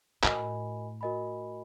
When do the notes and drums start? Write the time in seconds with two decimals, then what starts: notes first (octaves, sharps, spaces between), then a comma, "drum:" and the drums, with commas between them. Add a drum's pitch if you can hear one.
0.23 A2 F#4 A#4 D#5 G#5 B5, drum: clap
1.01 F#4 A#4 D#5 G#5 B5